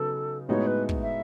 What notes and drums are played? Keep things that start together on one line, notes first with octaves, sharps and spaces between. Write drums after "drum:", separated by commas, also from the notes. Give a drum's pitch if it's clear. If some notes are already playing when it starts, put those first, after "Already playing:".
Already playing: C#3 F#3 B3 D#4 A4
A2 G#3 B3 D#4 F#4 C#5
B4
drum: kick
E5